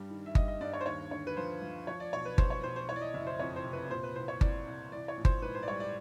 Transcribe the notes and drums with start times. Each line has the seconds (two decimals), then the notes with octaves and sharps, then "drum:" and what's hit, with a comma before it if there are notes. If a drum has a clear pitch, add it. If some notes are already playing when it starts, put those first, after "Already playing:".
Already playing: G2 G3
0.10 D#3
0.26 E5
0.35 G3 D#5, drum: kick G1
0.48 D#5
0.61 G2 D5
0.73 C#5
0.81 C5
0.86 D#2 C#5
1.11 D3 C#5
1.27 B4
1.37 F3 C5
1.62 F3
1.87 F3 C#5
2.00 D5
2.13 B1 C#5
2.25 B4
2.38 B1 C5, drum: kick G1
2.50 C#5
2.63 B1 C5
2.76 C5
2.89 E3 C#5
2.96 D5
3.01 D#5
3.14 F#1 E5
3.27 C5
3.39 F2 C#5
3.56 C5
3.65 C3
3.73 B4
3.90 A#2 C5
4.03 B4
4.16 C2 C5
4.28 C#5
4.41 C2 D5, drum: kick G1
4.66 C2
4.92 E3 D5
5.08 C#5
5.17 A#1
5.25 C5, drum: kick G1
5.42 G#2 B4
5.55 C5
5.63 D5
5.68 G3 C#5
5.80 D5